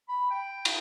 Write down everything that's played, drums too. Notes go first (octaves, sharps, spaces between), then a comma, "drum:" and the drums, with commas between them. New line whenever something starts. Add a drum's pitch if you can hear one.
B5
G5
drum: cymbal